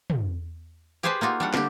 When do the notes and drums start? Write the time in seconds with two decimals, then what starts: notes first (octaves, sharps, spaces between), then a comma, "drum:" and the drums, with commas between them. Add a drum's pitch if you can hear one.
0.10 drum: tom
1.03 G4 G#4 B4 C5 G#5 A5
1.21 A#3 D#4 F4 F#4
1.40 G3 D4 F#5
1.54 D3 G4, drum: snare